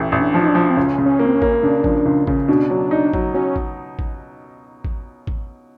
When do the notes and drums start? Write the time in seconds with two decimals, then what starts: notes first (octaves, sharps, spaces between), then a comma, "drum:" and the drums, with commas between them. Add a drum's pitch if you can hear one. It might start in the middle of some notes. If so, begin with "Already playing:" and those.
Already playing: A1 A3
0.12 A1
0.20 D4
0.34 F3
0.43 D#4
0.49 D4
0.55 F3
0.70 C4
0.77 C#2 C#4
0.98 C#3
1.06 C#4
1.19 A#3
1.26 C4
1.35 C#4
1.42 A#3, drum: kick
1.63 C#3 D4
1.84 F3, drum: kick
2.06 C#2
2.27 C#3, drum: kick
2.48 B2 D4
2.70 F#3
2.91 D#4
3.14 F#3, drum: kick
3.34 F#3 C#4
3.56 drum: kick
3.99 drum: kick
4.84 drum: kick
5.27 drum: kick